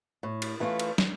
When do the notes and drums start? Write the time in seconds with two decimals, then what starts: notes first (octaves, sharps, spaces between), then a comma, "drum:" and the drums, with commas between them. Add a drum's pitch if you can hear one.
0.23 A2
0.42 drum: cymbal
0.60 E3 A3 C#4 F4
0.80 drum: cymbal
0.98 drum: snare